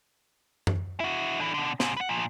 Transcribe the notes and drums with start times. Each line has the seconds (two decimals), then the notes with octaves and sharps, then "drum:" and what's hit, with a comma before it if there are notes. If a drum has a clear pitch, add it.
0.67 drum: tom F#2
1.00 E4 F#4
1.40 D3 E3
1.54 B2 D3
1.80 G#2 C3, drum: snare
1.97 B4 F#5
2.09 A#2 F3